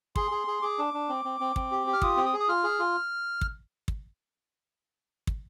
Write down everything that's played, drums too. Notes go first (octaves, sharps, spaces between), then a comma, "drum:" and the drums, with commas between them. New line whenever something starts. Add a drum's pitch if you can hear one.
G#4 C6, drum: kick
G#4
G#4
G#4 D6
D4
D4
C4
C4
C4
C4, drum: kick
G4
G4
F6
F4 D#6, drum: kick
C4
D#6
G#4
D#6
F4 F6
G#4
F4
drum: kick
drum: kick
drum: kick